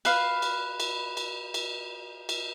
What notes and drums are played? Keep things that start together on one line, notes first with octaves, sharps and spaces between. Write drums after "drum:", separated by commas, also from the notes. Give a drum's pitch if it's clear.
B4 F5, drum: cymbal
drum: cymbal
drum: cymbal
drum: cymbal
drum: cymbal
drum: cymbal